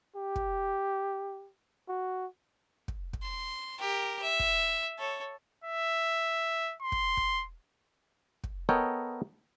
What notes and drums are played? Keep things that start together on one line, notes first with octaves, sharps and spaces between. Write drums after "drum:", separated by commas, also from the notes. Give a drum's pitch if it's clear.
G4
drum: kick
F#4
drum: kick
drum: kick
C6
G4 A#4
E5
drum: kick
A4 C#5
E5
C6
drum: kick
drum: kick
drum: kick
B3 A4 A#4 C#5 D#5 G5